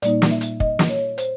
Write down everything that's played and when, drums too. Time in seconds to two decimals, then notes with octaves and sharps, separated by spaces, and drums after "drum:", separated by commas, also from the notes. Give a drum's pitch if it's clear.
0.02 A#2 G3 A#3 D#4 D5, drum: hi-hat
0.22 drum: snare
0.31 E5
0.41 drum: hi-hat
0.60 D#5, drum: kick
0.79 drum: snare
0.89 C#5
1.18 C5, drum: hi-hat